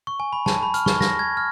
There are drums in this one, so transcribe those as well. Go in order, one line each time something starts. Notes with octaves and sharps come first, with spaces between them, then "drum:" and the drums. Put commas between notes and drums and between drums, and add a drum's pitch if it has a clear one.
C#6
G#5
B5
A5, drum: snare
B5
F6, drum: hi-hat
C#6, drum: snare
A#6, drum: snare
G#6
F6